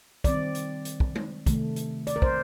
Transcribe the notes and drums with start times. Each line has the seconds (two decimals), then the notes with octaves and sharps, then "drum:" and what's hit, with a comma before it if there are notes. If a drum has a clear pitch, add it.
0.24 D#3 G3 C4 D5, drum: kick, hi-hat
0.55 drum: hi-hat
0.85 drum: hi-hat
1.00 drum: kick
1.15 drum: tom G#3
1.46 C3 D#3 A3, drum: kick, hi-hat
1.76 drum: hi-hat
2.07 D5, drum: hi-hat
2.16 A#4
2.22 C5, drum: kick